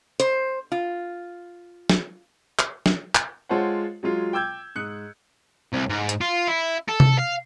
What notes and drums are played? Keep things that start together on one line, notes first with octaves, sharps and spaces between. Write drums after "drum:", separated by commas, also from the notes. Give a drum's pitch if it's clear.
C5, drum: hi-hat
F4
drum: snare
drum: clap
drum: snare
drum: clap
G#3 F4 A4 C5 C#5 F#5
F#3 G#3 F4
G5 D6 E6 G6 G#6
G#2 D#6 F#6 C#7
C2
G#2
drum: hi-hat
F4
E4
A4
drum: tom C3
F5